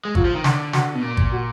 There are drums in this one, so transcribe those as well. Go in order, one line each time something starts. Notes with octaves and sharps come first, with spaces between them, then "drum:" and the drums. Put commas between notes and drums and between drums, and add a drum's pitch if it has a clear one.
G#3
F#3 F4, drum: kick G#1
F3
D#3
D3, drum: snare
F#4, drum: snare
B2
A#2
drum: kick G#1
F#4